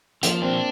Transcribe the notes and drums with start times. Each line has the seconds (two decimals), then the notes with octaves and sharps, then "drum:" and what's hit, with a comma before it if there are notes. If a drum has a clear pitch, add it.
0.23 F3 A#3, drum: hi-hat
0.42 C4 D4